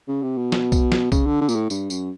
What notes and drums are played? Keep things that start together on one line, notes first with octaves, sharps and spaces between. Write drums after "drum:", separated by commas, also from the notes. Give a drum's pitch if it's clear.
C#3
C3
B2
drum: snare
drum: kick B1, tambourine
drum: snare
C#3, drum: kick B1, tambourine
D3
D3
A#2, drum: tambourine
A2
G2, drum: tambourine
F#2, drum: tambourine